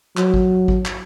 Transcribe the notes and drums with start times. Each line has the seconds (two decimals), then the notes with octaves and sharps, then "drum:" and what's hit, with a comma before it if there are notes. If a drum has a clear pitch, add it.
0.17 F#3, drum: clap
0.34 drum: kick G#1
0.68 drum: kick G#1
0.86 drum: clap